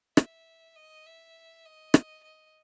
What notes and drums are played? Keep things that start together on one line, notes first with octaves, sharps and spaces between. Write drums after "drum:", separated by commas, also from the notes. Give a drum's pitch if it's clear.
E5, drum: rim click
D#5
E5
D#5
drum: rim click
D#5